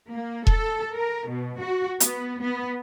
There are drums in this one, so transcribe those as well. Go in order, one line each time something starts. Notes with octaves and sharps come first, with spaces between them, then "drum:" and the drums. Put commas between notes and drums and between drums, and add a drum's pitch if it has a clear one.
A#3
A4, drum: kick E1
A#4
B2
F#4
B3, drum: hi-hat
B3